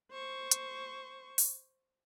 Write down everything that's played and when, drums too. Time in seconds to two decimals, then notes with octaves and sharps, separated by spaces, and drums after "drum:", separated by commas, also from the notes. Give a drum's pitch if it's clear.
0.12 C5 C#6
0.51 drum: hi-hat
1.38 drum: open hi-hat